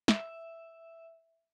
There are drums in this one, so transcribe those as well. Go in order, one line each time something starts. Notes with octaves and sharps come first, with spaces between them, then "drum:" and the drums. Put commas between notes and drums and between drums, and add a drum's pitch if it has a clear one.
E5, drum: snare